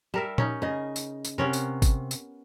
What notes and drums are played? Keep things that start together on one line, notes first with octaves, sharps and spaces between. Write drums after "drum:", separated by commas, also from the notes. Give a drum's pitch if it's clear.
G3 A#4 E5 A5
C#4 D#4, drum: tom A#2
C#3 D#5 G#5
drum: tambourine
drum: tambourine
C3 B3 C#4 A#4
drum: tambourine
drum: kick G#1, tambourine
drum: tambourine